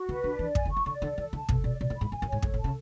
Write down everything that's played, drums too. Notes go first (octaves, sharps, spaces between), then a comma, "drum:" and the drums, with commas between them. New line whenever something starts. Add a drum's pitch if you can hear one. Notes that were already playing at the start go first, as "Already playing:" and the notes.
Already playing: F#4
D3 B4
D3 D4
E3 D5
G#5, drum: kick
D3
C#6
E3
D3 D5
D3 A4
E3 A4
D3 A5
B2 A4, drum: kick
B2 D5
B2 D5
A2
G#2 B5
F#2 G#5
F#2
C#5
G#2
G#2 A4, drum: kick
A2
A5
C#3